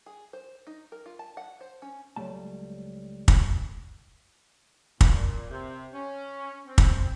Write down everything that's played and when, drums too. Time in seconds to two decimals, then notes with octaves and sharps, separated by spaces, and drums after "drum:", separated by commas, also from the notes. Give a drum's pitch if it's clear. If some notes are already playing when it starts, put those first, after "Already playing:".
0.06 G#4
0.33 C5
0.67 D#4
0.92 A#4
1.06 F4
1.19 A5
1.37 F#5
1.61 C5
1.82 C#4
2.16 C#2 G#2 F#3 G3 A3 A5
3.28 drum: kick
5.01 A#2, drum: kick
5.49 C3
5.93 C#4
6.65 C4
6.78 drum: kick